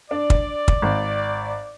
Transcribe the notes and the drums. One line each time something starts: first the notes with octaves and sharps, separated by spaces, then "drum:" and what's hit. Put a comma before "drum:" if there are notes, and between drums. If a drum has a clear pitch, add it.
D4 D5
drum: kick
drum: kick
G#1